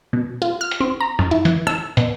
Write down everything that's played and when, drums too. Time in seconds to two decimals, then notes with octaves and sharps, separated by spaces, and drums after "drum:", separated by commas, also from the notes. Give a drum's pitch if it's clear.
0.13 B2
0.42 F4
0.61 F6
0.71 drum: hi-hat
0.80 C4
1.00 A#5
1.19 F#2, drum: rim click
1.31 E4
1.45 E3, drum: hi-hat
1.67 E6, drum: rim click
1.97 B2, drum: hi-hat